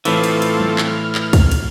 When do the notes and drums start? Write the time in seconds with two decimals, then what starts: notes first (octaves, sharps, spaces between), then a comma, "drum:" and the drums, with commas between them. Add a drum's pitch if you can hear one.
0.05 A2 E3 C4 F4 A4, drum: cymbal
0.24 drum: cymbal
0.42 drum: cymbal
0.60 drum: tom
0.78 drum: clap
0.87 F6
1.15 drum: clap
1.33 drum: kick, cymbal
1.51 drum: cymbal